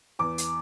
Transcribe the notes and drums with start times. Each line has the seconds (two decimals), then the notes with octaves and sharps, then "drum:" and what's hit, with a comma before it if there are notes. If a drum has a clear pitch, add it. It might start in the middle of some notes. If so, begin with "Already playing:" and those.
0.19 E2 D6
0.38 drum: hi-hat